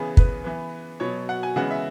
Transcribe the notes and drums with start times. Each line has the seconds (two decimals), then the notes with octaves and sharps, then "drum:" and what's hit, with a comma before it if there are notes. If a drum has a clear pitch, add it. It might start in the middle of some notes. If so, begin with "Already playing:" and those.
Already playing: C#3 E3 B3 G#4
0.17 B4, drum: kick
0.44 E3 B3
1.00 B2 F#3 B3 C#5
1.29 F#5
1.43 G#5
1.56 C#3 E3 G#3 B3 F#5
1.71 E5